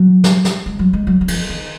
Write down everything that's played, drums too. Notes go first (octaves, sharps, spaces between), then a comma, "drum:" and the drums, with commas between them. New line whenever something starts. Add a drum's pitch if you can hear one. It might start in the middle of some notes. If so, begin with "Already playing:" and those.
Already playing: F#3
drum: snare
drum: snare
G#3
F#3
G#3
F#3
F#3
F3, drum: cymbal
D#3